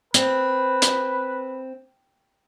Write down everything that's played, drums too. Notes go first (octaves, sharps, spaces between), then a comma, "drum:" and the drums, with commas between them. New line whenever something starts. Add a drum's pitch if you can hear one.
C4 B4, drum: hi-hat
drum: hi-hat